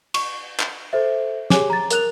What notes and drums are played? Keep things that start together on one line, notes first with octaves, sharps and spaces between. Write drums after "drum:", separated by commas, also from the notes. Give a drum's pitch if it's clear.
C#6, drum: cymbal
drum: clap
A4 C5 E5
G4 G#4 C#5 G#5 D6, drum: snare
A#5 A6
A#4 F#6 F7, drum: hi-hat